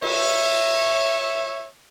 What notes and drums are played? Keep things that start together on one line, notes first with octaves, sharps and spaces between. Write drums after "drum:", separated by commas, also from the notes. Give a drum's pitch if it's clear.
C#5 E5, drum: cymbal